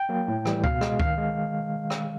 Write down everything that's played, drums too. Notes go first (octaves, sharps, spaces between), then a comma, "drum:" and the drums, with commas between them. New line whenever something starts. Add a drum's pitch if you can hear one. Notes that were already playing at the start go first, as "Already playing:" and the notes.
Already playing: G5
F#3 A#3
A2
E3 G3, drum: rim click
B2 F5, drum: kick C#2
G#3, drum: rim click
D#3 F5, drum: kick C#2
G#3
drum: rim click